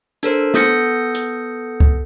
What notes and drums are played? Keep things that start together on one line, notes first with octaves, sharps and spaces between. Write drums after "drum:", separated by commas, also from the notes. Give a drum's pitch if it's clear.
D4 A4 A#4 C5, drum: hi-hat
B3 A4 D#6 G6 A#6 C#7, drum: snare
drum: hi-hat
drum: kick C#2